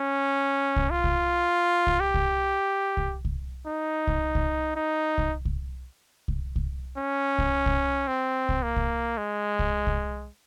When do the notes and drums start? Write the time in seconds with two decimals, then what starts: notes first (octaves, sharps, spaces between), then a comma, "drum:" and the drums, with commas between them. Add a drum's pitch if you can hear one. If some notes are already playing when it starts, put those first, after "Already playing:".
Already playing: C#4
0.76 drum: kick C2
0.90 F4
1.04 drum: kick C2
1.87 drum: kick C2
2.00 G4
2.14 drum: kick C2
2.97 drum: kick C2
3.25 drum: kick C2
3.66 D#4
4.07 drum: kick C2
4.35 drum: kick C2
4.76 D#4
5.18 drum: kick C2
5.45 drum: kick C2
6.28 drum: kick C2
6.56 drum: kick C2
6.98 C#4
7.38 drum: kick C2
7.66 drum: kick C2
8.08 C4
8.49 drum: kick C2
8.63 A#3
8.76 drum: kick C2
9.18 G#3
9.59 drum: kick C2
9.87 drum: kick C2